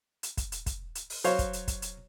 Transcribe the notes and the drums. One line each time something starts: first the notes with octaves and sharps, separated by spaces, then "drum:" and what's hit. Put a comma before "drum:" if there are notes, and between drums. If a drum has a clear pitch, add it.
drum: hi-hat
drum: kick, hi-hat
drum: hi-hat
drum: kick, hi-hat
drum: hi-hat
drum: open hi-hat
F#3 C5 C#5 F5, drum: hi-hat
drum: kick, hi-hat
drum: hi-hat
drum: kick, hi-hat
drum: hi-hat